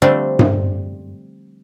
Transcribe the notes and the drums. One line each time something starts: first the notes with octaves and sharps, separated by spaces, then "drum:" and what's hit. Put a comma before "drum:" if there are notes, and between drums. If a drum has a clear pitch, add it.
D3 F3 G3 A3 C4 D4
drum: tom G2